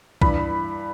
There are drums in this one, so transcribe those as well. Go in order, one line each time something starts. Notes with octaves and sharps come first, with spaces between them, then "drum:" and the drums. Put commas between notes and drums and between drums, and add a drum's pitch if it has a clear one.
G2 E3 B5, drum: kick